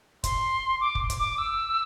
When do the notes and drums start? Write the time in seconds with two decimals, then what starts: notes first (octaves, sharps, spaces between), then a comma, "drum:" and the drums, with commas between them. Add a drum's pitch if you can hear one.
0.24 C6, drum: kick, hi-hat
0.81 D6
0.95 drum: kick
1.10 drum: kick, hi-hat
1.19 D6
1.38 E6